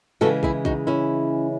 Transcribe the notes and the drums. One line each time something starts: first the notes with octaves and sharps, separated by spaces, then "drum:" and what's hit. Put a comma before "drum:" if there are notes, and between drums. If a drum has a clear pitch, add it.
C#3 E3 G#3 F#4 A4
E4 G#4, drum: kick
D#4 F#4, drum: kick
C#4 E4